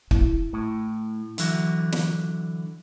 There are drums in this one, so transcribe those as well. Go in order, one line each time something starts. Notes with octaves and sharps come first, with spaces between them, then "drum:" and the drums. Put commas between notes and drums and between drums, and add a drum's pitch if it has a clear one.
E4, drum: kick
A2
D3 E3 F#3, drum: hi-hat
drum: snare